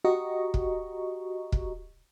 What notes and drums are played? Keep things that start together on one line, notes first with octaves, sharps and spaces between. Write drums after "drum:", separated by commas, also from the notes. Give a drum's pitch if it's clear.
F#4 G4 D#5 A#5 C#6
drum: kick
drum: kick